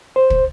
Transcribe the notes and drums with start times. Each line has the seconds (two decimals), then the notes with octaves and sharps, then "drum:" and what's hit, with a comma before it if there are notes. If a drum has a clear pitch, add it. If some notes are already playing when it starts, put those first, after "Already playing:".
0.16 C5
0.30 drum: kick